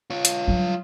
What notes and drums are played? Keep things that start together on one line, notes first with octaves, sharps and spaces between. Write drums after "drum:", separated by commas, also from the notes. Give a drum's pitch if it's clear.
F4 C#5
drum: hi-hat
F#3 G3